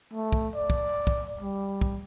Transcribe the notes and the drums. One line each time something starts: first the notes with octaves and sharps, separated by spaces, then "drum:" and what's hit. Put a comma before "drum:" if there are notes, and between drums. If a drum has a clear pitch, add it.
A3
drum: kick
D5
drum: kick
drum: kick
G3
drum: kick